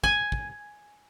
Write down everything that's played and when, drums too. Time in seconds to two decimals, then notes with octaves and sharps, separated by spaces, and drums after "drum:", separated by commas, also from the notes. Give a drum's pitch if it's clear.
0.04 G#5, drum: kick
0.32 drum: kick